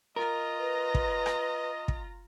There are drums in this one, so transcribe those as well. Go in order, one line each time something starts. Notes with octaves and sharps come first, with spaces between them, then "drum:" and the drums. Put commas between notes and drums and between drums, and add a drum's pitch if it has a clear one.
F4 A#4 D#5 A#5
B4
drum: kick
drum: rim click
drum: kick